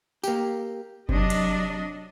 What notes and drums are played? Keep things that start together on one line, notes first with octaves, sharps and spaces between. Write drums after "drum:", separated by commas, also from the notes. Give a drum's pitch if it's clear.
A#3 G4, drum: tambourine
C3 F#3 D4 D#5, drum: kick F#1
drum: cymbal